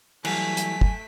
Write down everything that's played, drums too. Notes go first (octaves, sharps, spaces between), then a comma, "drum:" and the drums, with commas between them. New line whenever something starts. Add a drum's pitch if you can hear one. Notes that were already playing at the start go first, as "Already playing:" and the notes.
E3 F#3 G3 A3 G#5 B6, drum: cymbal
drum: hi-hat
drum: kick